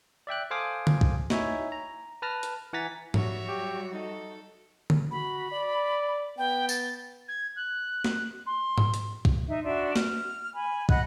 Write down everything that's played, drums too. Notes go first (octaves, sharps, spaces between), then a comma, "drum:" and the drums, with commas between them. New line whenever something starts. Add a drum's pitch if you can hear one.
D5 E5 G5 F#6
A4 C5 F5 G#5 D6 D#6
drum: tom D3
drum: kick
D#4 E4 C#5 E5 G#5, drum: snare
A#5
B4 A5 F6 A#6
drum: hi-hat
E3 F#5 G#5 A#5 A6 B6
F#3 G3 F#4 C#5 E5, drum: tom G#2
G4
D#4 A4
drum: tom D3
F#4 B5
D5
B3 G5
A6, drum: tambourine
G#6
F#6
drum: snare
C6
drum: tom G#2
drum: hi-hat
drum: kick
D#4 E5
D4 F#4 E5 C6
F6, drum: snare
G#5 B5
D#5 F#5 B5 F#6, drum: kick